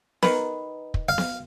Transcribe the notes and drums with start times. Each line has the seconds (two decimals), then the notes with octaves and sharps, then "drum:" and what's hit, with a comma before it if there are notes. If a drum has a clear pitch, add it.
0.23 D#3 A#4 B4, drum: snare B3
0.94 drum: kick
1.09 F5
1.18 drum: snare B3